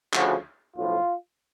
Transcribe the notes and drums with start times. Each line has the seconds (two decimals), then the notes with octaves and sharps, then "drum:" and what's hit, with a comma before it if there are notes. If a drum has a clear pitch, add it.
0.14 D2 C#3 F3 F#4, drum: clap
0.76 B1 A2 F3 F4